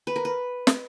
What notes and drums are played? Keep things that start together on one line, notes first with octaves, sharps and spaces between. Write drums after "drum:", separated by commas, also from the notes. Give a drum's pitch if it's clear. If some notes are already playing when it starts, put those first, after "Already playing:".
B4
A#4
B4
drum: snare